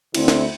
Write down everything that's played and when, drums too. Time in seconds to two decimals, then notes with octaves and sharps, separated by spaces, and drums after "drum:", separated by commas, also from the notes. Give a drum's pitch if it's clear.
0.14 D2 D3 C4 E4, drum: cymbal
0.28 drum: snare